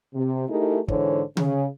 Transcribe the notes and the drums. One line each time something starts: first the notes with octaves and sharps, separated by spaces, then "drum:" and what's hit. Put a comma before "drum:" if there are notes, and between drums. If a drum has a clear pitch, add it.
C3
A3 D#4 E4 G4 G#4 A#4
G#2 D3 E3 C5 C#5, drum: kick
C#3, drum: tom D3